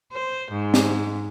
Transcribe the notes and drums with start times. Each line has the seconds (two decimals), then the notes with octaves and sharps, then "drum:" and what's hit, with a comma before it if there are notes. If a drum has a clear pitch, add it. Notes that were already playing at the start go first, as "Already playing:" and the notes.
0.13 C5
0.51 G#2
0.74 drum: snare